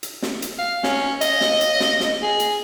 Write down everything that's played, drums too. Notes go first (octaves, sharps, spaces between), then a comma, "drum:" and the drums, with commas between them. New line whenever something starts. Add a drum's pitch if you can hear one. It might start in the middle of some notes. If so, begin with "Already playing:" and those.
drum: hi-hat
drum: snare
drum: hi-hat
F5
C#4, drum: snare
D#5, drum: hi-hat
drum: snare
drum: hi-hat
drum: snare
drum: snare
G#4
drum: hi-hat